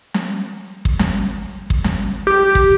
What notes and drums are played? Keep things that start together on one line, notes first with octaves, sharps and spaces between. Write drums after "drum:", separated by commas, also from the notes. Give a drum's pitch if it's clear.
drum: snare
drum: kick
drum: snare
drum: kick
drum: snare
G4
drum: kick